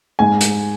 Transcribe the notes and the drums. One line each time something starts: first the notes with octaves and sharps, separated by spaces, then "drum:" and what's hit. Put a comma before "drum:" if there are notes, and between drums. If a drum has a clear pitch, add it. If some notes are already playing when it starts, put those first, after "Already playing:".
G#2 G#5
drum: hi-hat